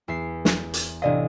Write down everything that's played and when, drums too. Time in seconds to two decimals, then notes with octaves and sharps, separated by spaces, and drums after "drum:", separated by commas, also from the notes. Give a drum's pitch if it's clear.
0.08 E2 E5 C7
0.45 drum: snare
0.74 drum: hi-hat
1.02 A1 C3 D4 D5 D#5 F5